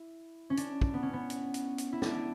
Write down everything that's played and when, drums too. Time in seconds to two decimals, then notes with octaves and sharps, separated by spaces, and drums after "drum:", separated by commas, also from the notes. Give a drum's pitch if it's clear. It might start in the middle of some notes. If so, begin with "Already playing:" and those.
Already playing: E4
0.50 C#4
0.57 D4, drum: hi-hat
0.81 drum: kick
0.94 B3
1.03 C#4
1.13 B3
1.30 drum: hi-hat
1.54 drum: hi-hat
1.78 drum: hi-hat
1.92 E4
2.02 D4, drum: snare